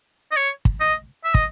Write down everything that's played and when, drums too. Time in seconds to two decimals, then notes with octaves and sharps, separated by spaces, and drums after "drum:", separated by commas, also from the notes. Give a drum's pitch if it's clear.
0.31 D#5
0.37 C#5
0.65 drum: kick
0.80 D#5
1.25 E5
1.34 D#5, drum: kick